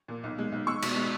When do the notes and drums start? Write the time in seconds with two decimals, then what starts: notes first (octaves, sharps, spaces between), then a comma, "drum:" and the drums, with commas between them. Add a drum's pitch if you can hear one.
0.08 A#2
0.24 B1
0.38 G#3
0.52 B1
0.67 G#3 C#6 E6
0.82 B2, drum: cymbal
0.96 G#3